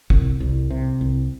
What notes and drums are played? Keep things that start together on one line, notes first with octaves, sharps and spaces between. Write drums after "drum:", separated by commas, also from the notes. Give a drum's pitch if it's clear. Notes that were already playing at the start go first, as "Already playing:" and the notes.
C2, drum: kick
C2
C3
C2